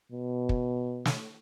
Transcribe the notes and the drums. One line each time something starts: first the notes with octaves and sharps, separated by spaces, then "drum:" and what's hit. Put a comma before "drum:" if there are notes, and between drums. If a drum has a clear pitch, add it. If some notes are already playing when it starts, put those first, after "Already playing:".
B2
drum: kick
drum: snare